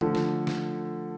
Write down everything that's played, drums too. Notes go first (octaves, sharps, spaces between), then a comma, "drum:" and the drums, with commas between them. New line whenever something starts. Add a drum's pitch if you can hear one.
D3 F3 A3, drum: tom D3
drum: snare
drum: snare